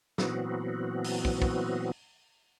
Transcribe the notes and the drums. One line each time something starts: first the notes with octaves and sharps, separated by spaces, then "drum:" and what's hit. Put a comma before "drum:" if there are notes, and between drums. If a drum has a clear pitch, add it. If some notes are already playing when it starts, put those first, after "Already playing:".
A#2 E3 F#3 B3 C4 F#4, drum: snare
drum: open hi-hat
drum: kick
drum: kick